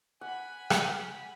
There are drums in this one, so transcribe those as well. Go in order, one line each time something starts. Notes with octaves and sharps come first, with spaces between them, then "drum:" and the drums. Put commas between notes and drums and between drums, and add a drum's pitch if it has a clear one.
F#5 G#5 B5
drum: rim click